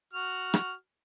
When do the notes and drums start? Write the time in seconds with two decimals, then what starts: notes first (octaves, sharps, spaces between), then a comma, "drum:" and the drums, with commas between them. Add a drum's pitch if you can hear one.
0.13 F#4 F6
0.54 drum: rim click